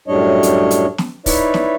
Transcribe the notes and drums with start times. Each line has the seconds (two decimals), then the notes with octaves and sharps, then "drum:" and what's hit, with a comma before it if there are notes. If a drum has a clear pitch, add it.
0.08 F#2 A2 G3 D4 C#5 D#5
0.43 drum: hi-hat
0.71 drum: hi-hat
0.98 drum: snare
1.26 D#4 E4 B4 C#5 D5 E5, drum: kick, open hi-hat
1.54 drum: snare